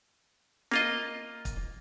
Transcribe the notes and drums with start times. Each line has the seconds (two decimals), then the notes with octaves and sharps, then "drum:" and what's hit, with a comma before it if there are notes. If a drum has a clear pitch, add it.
0.71 A#3 F4 D#5, drum: snare
1.45 drum: kick, hi-hat